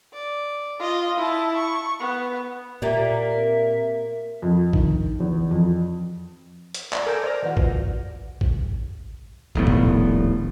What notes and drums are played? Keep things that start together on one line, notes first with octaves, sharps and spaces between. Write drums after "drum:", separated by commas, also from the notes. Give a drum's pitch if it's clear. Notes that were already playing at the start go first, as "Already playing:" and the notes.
D5
F4 D#5
E4 A5
C#6
B3
A#2 A#3 G4 D5 E5
C4 A#4
F2
D#3, drum: kick
E2
F2
drum: hi-hat
D5 A#5, drum: clap
A4 A#4 G#5 D6 E6 G6
C5 D5 D6 F6 A#6
D#3 E3 B3 F#4
F3, drum: kick
drum: kick
D#1 A#1 A2 B3
drum: tom